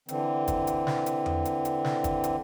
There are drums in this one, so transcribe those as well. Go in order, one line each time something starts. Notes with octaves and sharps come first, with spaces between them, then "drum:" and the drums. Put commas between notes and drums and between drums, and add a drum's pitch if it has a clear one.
D3 E3 C4, drum: hi-hat
drum: kick, hi-hat
drum: hi-hat
drum: snare
drum: hi-hat
drum: tom E2
drum: hi-hat
drum: hi-hat
drum: snare
drum: kick, hi-hat
drum: hi-hat